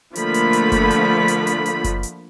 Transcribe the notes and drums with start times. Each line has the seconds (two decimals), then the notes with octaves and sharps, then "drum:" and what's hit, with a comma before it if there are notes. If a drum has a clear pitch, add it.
0.15 D3 F3 A3 A#3 B5, drum: hi-hat
0.34 drum: hi-hat
0.53 drum: hi-hat
0.72 drum: kick F#1, hi-hat
0.91 drum: hi-hat
1.28 drum: hi-hat
1.47 drum: hi-hat
1.66 drum: hi-hat
1.84 drum: kick F#1, hi-hat
2.03 drum: hi-hat